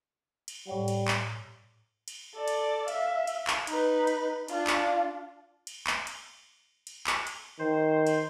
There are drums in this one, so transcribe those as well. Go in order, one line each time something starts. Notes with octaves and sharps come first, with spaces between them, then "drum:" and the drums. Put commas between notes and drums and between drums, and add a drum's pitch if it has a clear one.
drum: cymbal
A2 G3 C#5 F#5
drum: cymbal
drum: clap
drum: cymbal
A4 D5
drum: cymbal
E5 F5, drum: cymbal
drum: cymbal
drum: clap
D#4 B4, drum: cymbal
drum: cymbal
D4 F4, drum: cymbal
drum: clap
drum: cymbal
drum: clap
drum: cymbal
drum: cymbal
drum: clap
drum: cymbal
D#3 C5
drum: cymbal